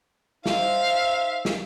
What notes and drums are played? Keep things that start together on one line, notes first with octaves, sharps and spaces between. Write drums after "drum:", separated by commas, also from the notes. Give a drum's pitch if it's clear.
D#4 C5 E5 F5, drum: snare
drum: snare